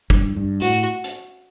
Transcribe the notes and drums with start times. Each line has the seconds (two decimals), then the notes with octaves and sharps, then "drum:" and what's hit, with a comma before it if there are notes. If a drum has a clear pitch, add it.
0.10 G2, drum: kick
0.36 G2
0.61 A2 F#4, drum: hi-hat
1.04 drum: hi-hat